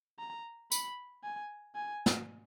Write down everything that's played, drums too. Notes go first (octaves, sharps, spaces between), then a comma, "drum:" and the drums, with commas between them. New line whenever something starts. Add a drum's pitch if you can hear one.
A#5
B5, drum: tambourine
G#5
G#5
drum: snare